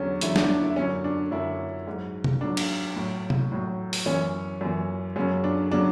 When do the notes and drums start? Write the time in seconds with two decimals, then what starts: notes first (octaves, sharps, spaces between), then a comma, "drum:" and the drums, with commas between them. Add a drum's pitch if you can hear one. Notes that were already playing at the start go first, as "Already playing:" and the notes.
Already playing: E2 D3 F#3 C#4
0.21 E2 D3 F#3 E4, drum: hi-hat
0.36 D4, drum: snare
0.49 D4
0.63 E4
0.76 F#2 D3 F#3 C#4
1.04 D4
1.31 F#2 D3 F#3 E4
1.87 G#2 F#3
2.24 drum: tom C3
2.41 G#2 F#3 D4
2.57 drum: cymbal
2.96 A2 F#3
3.30 drum: tom C3
3.52 A2 F#3
3.93 drum: open hi-hat
4.06 F#2 E3 C#4
4.61 F#2 E3
5.16 F#2 C#3 F#3 C#4
5.44 D4
5.71 C#3 F#3 D4